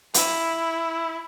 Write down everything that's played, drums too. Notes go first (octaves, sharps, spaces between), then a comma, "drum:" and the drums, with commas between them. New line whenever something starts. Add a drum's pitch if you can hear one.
E4, drum: hi-hat